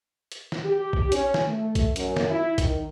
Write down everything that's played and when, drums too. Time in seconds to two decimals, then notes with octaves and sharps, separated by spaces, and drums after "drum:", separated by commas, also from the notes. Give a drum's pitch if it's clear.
0.32 drum: hi-hat
0.52 drum: snare
0.64 G4
0.93 drum: kick
1.12 C#4, drum: hi-hat
1.34 drum: snare
1.47 A3
1.75 drum: kick, hi-hat
1.96 F#2, drum: hi-hat
2.16 drum: snare
2.29 E4
2.58 D#3, drum: kick, hi-hat